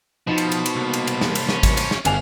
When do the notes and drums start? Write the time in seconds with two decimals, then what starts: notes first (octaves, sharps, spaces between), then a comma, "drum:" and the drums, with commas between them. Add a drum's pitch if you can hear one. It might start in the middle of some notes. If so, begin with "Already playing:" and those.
0.27 B2 F3 D#4 C5 A5 B5
0.38 drum: cymbal
0.52 drum: cymbal
0.66 drum: cymbal
0.76 C2 A#3
0.94 drum: cymbal
1.07 drum: cymbal
1.21 drum: snare
1.35 drum: cymbal
1.49 C#4, drum: snare
1.63 drum: kick G#1, cymbal
1.77 drum: cymbal
1.91 drum: snare
2.05 G1 G3 D4 F#4 A4 F5 G#5 F7, drum: cymbal